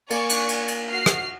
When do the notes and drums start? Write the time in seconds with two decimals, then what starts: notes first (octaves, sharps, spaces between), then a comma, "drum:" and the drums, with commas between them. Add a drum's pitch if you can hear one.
0.10 A#3 D5 G#5 C#6, drum: cymbal
0.30 drum: cymbal
0.49 drum: cymbal
0.68 drum: cymbal
0.91 F#4 F6 C7
1.06 drum: rim click